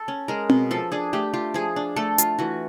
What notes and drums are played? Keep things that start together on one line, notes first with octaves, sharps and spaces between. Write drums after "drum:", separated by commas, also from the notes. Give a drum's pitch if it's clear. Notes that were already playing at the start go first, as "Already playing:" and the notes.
Already playing: A4
C#4
G#3 A#4
B2, drum: tom C4
F3 A4
D4 G#4
A3 G4
F4 G4
F3 G#4
D4
A3 A4
F4, drum: hi-hat
E3 F#4